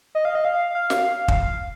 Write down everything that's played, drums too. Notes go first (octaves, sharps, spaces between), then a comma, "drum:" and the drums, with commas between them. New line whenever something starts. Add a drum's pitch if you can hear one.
D#5
F5
D#5
F5
F5
drum: snare
drum: kick